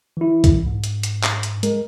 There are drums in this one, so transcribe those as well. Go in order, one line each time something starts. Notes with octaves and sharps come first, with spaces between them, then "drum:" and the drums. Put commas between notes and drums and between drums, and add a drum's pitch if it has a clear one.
E3 E4
drum: kick B1, hi-hat
G#2
drum: hi-hat
drum: hi-hat
drum: clap
drum: hi-hat
G#3 A#4, drum: hi-hat